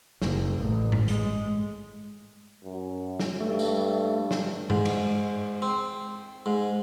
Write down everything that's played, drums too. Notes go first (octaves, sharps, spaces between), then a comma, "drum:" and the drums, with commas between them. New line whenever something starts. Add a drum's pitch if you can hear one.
F#1, drum: snare
A1
drum: tom G2
G#3, drum: hi-hat
F#2
drum: snare
G2 A3
drum: tambourine
drum: snare
G#2, drum: tom G2
drum: cymbal
C4
G#2